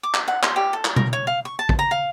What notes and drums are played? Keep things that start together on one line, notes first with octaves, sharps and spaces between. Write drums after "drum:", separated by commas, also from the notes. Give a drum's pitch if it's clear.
D6
drum: clap
F#5
C6, drum: clap
G4
A4
drum: clap
A#4, drum: tom B2
C#5
F5
C#6
A5
drum: kick
A#5
F5